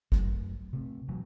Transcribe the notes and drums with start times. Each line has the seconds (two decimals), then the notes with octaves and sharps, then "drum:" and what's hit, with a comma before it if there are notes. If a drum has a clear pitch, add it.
0.12 F#2 F#3 A3, drum: kick
0.73 C3 A3
1.08 E1 F#3